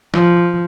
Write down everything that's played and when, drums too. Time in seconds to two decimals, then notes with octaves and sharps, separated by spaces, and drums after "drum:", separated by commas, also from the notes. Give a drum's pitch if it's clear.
0.14 F3, drum: snare